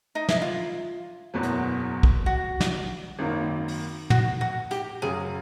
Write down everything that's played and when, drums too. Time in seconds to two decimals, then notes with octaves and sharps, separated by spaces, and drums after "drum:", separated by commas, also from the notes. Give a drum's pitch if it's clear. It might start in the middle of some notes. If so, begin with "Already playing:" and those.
0.15 D#4
0.29 E4, drum: snare
0.42 F4
1.34 F#1 E2 B2 F#3 B3
1.43 drum: hi-hat
2.03 drum: kick
2.26 F#4
2.60 drum: snare
3.18 G#1 F#2 D#3 F#3 A#3
3.68 drum: open hi-hat
4.10 F#4, drum: tom
4.41 F#4
4.71 G4, drum: hi-hat
5.02 F#2 C#3 F#3 G#4